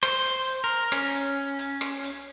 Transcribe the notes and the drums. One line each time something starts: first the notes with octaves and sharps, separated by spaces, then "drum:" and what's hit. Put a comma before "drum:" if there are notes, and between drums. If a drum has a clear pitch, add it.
C5, drum: rim click
drum: hi-hat
drum: hi-hat
A#4
C#4, drum: rim click
drum: hi-hat
drum: hi-hat
drum: rim click
drum: hi-hat